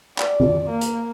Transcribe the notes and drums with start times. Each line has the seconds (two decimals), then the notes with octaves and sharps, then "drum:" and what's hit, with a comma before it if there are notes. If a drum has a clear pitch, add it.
0.18 D5, drum: clap
0.40 drum: tom D#3
0.69 A#3
0.81 drum: hi-hat